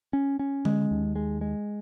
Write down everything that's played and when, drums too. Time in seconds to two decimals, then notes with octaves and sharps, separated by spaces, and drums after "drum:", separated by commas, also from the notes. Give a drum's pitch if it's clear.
0.13 C#4
0.39 C#4
0.65 G#3, drum: tom D3
0.91 D#2
1.16 G#3
1.41 G#3